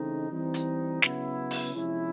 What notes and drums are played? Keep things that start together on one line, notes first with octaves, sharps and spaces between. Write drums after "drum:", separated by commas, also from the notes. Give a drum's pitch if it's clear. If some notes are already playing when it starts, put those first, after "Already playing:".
Already playing: C#3 E3 A3 C4 D#4
E3 G3 C4 D#4
drum: hi-hat
C#3 F#3 B3 E4, drum: snare
drum: open hi-hat
C3 F3 G#3 C#4 E4